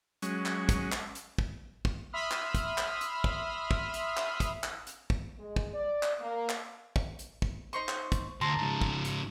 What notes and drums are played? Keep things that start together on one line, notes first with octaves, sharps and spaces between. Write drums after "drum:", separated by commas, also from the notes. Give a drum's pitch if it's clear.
F#3 G#3 C#4, drum: hi-hat
drum: clap
drum: kick, hi-hat
drum: clap
drum: hi-hat
drum: kick
drum: kick
E5 B5 C6 D#6 F6
drum: clap
drum: kick, hi-hat
drum: clap
drum: hi-hat
drum: kick
drum: kick
drum: hi-hat
drum: clap
drum: kick, hi-hat
drum: clap
drum: hi-hat
drum: kick
G#3
drum: kick
D5
drum: clap
A#3
drum: clap
drum: kick
drum: hi-hat
drum: kick
D#4 C5 C#6
drum: clap
drum: kick, hi-hat
D2 A5 A#5 C6
G#2 C#3
drum: kick
drum: hi-hat